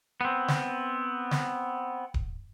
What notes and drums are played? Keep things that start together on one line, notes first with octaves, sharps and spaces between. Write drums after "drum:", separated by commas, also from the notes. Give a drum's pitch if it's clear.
B3 C4
drum: snare
drum: snare
drum: kick D1